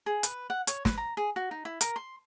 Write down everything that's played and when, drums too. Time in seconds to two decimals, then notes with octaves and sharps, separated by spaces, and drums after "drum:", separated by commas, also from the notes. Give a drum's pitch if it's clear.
0.06 G#4
0.23 B4, drum: hi-hat
0.50 F#5
0.67 C#5, drum: hi-hat
0.85 B4, drum: snare
0.98 A#5
1.17 G#4
1.36 F#4
1.51 D#4
1.65 E4
1.81 A#4, drum: hi-hat
1.96 C6